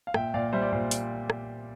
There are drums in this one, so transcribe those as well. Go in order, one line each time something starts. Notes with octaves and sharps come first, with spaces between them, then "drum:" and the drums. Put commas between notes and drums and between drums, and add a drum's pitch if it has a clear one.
F5
A#2 E5 G5, drum: rim click
A#2 D5 F5
G3 C5 E5
D5
A#2 C5
drum: hi-hat
drum: rim click